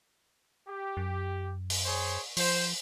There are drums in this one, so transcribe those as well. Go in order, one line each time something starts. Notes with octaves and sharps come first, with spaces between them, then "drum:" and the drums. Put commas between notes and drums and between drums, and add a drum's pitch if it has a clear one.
G4
F#2
drum: open hi-hat
G#4 C5 C#5
F3 C5, drum: open hi-hat